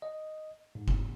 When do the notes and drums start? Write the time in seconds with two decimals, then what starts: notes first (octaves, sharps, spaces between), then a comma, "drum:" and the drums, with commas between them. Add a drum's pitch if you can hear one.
0.02 D#5
0.75 G#2
0.88 drum: kick